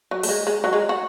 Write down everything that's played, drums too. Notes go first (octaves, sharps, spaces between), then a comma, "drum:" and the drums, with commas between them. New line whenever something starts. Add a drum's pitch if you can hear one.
F#3
A3, drum: open hi-hat
G#3
G#3
F#3
G#3
F#4